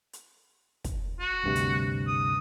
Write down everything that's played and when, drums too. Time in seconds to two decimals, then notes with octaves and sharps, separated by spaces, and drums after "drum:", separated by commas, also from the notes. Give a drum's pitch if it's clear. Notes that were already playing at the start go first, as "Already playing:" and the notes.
0.13 drum: hi-hat
0.84 drum: kick, hi-hat
1.20 F#4
1.43 D2 G2 C3
1.56 drum: hi-hat
2.07 D#6